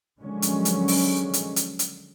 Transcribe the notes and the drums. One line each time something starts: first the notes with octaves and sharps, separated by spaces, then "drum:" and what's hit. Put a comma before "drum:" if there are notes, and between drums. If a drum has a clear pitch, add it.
D3 D#3 F3 F#3 G#3 C#4
drum: hi-hat
drum: hi-hat
drum: open hi-hat
drum: hi-hat
drum: hi-hat
drum: hi-hat